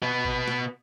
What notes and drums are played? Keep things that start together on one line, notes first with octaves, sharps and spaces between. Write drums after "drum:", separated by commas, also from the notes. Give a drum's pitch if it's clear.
B2 B3
drum: kick G#1
drum: snare